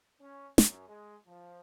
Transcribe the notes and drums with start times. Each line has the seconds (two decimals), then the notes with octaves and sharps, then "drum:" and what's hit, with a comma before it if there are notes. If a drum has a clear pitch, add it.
0.20 C#4
0.58 F#2, drum: snare
0.87 G#3
1.26 F3